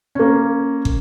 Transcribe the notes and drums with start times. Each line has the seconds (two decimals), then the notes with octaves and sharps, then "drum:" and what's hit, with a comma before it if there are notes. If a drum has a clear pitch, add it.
0.15 A#3 C#4
0.85 drum: kick